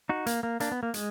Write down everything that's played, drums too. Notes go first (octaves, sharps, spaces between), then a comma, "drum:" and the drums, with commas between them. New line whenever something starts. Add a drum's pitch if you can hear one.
D#4 F#4
A#3, drum: hi-hat
A#3
A#3 D4, drum: hi-hat
B3
A#3
G#3, drum: hi-hat